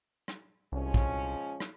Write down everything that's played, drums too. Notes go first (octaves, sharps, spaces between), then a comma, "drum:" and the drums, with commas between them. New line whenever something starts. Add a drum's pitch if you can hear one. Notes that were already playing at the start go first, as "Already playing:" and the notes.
drum: rim click
C2 F3 G#3 C#4
drum: kick
drum: rim click